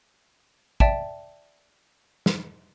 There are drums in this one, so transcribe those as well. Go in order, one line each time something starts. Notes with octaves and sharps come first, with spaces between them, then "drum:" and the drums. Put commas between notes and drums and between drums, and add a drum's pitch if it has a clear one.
D5 E5 G5 A5, drum: kick
drum: snare